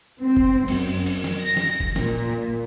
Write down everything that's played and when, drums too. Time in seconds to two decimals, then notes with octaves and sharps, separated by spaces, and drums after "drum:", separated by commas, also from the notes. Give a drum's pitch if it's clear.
0.23 C4
0.37 drum: kick F#1
0.68 F#2, drum: cymbal
1.06 drum: cymbal
1.24 drum: snare
1.40 A#6
1.57 drum: snare
1.80 drum: kick F#1
1.96 A#2, drum: snare